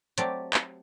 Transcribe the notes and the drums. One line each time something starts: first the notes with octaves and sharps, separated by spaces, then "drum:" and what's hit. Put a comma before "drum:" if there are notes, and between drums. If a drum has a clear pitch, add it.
F#3 A3 C4 G4 D5, drum: hi-hat
drum: clap